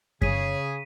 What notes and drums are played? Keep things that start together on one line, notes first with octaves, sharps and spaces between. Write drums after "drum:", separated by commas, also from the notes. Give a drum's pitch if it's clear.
C#3 G#4 C#5 B6 D#7, drum: kick F#2